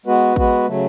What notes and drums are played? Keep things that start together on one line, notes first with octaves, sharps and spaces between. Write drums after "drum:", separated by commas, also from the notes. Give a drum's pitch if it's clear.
G#3 B3 F#4 B4
G#3 B3 F#4 B4, drum: kick
C#3 F#3 A3